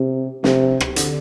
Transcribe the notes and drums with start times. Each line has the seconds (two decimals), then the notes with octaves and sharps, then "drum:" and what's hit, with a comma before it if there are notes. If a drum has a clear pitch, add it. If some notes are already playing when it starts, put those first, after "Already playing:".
Already playing: C3
0.44 C3, drum: snare
0.80 drum: rim click
0.96 D3, drum: hi-hat